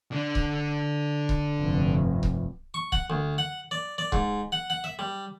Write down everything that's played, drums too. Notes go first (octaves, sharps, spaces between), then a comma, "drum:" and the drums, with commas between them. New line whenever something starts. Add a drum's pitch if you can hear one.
D3 D4
drum: kick C#1
drum: kick C#1
F1 G2
drum: kick C#1
C#6
F#5, drum: kick C#1
D2
F#5
D5
D5
G#2, drum: kick C#1
F#5
F#5
E5
G3